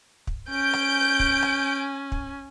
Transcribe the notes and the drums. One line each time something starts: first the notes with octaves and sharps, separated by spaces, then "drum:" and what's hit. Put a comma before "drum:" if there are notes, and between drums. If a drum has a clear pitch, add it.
drum: kick
C#4 G#5 G6 D7
drum: rim click
drum: kick
drum: rim click
drum: kick